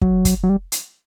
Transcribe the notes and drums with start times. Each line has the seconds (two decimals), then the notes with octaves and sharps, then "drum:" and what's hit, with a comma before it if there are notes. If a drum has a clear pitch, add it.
0.02 F#3, drum: kick
0.25 drum: kick, hi-hat
0.44 F#3
0.49 G3
0.72 drum: hi-hat